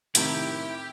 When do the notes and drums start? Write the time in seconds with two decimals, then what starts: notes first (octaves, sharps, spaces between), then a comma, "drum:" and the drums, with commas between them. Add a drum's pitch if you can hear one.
0.15 A2 C3 D#3 E4 G4 G5, drum: hi-hat